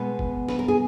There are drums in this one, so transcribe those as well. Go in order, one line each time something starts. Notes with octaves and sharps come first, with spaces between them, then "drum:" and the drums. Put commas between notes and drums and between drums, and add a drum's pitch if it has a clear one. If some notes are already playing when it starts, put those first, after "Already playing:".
Already playing: B2 G#3 B3 B4
drum: kick
B4, drum: snare
A#4
G#4